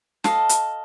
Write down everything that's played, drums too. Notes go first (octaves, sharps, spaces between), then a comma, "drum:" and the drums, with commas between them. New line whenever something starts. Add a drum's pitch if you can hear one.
A4 D#5 F5, drum: snare
drum: hi-hat